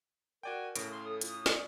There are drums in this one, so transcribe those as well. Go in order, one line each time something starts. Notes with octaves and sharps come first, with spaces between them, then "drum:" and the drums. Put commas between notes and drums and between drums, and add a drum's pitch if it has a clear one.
F#4 A#4 D5 G5 G#5
A2 C#3 A#6 D7, drum: hi-hat
C6
A4 D#6
F4, drum: hi-hat
D5, drum: snare